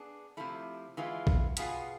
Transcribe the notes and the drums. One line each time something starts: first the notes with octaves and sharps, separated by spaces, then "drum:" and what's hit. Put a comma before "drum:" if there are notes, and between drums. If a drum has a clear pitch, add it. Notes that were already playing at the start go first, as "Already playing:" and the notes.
Already playing: B3 D4 G#4
C3 F3 A3 E4
E3 G#3 B3 F4
drum: kick
B2 B3 F4 G#4, drum: hi-hat